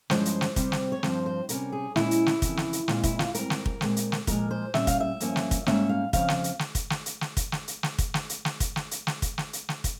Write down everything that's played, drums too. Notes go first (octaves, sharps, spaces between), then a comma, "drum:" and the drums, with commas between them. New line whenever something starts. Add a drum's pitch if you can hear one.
G2 F3 G#3 C#4 C5, drum: snare
drum: hi-hat
drum: snare
C3 G3 C4, drum: kick, hi-hat
drum: snare
C#5
G2 F3 C4 C5, drum: snare
C5
C3 G3 C#4 A#4, drum: hi-hat
G#4
A#2 G#3 C#4 E4, drum: snare
drum: hi-hat
drum: snare
F2 C#3 E3, drum: kick, hi-hat
drum: snare
drum: hi-hat
A#2 G#3 C4 F4, drum: snare
E4, drum: kick, hi-hat
F4, drum: snare
G#2 G3 C4 A#4, drum: hi-hat
drum: snare
drum: kick
A#2 G#3 C4, drum: snare
drum: hi-hat
drum: snare
A#2 F3 G#3 A#4, drum: kick, hi-hat
C5
A#2 G3 C#4 E5, drum: snare
F5, drum: kick, hi-hat
E5
G2 F3 A#3 C#4, drum: hi-hat
drum: snare
drum: kick, hi-hat
G#2 G3 A#3 C#4 E5, drum: snare
F5
F2 C#3 F3 F5, drum: kick, hi-hat
drum: snare
drum: hi-hat
drum: snare
drum: kick, hi-hat
drum: snare
drum: hi-hat
drum: snare
drum: kick, hi-hat
drum: snare
drum: hi-hat
drum: snare
drum: kick, hi-hat
drum: snare
drum: hi-hat
drum: snare
drum: kick, hi-hat
drum: snare
drum: hi-hat
drum: snare
drum: kick, hi-hat
drum: snare
drum: hi-hat
drum: snare
drum: kick, hi-hat